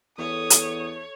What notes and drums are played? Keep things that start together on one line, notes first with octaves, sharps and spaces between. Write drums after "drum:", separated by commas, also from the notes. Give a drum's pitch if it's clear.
E2 A3 C#5 D#6
drum: hi-hat